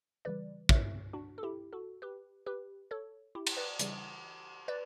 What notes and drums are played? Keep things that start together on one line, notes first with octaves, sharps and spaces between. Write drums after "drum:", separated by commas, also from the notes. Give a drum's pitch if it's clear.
C#3 E3 G3 B4 D5
C#5 E5, drum: kick
D4 F#4
A4
E4 G4
F#4 A4
G4 B4
G4 B4
A4 C#5
E4 G4
drum: cymbal
B4 D5
C#3 E3 G3, drum: hi-hat
B4 D5